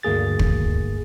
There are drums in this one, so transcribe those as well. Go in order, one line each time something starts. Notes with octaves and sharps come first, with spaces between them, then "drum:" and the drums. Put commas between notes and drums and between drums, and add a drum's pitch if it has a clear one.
D2 G2 A#3 G#4 A6
drum: kick